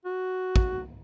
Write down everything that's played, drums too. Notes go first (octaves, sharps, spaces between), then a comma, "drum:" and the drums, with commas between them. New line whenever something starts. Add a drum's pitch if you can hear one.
F#4
drum: kick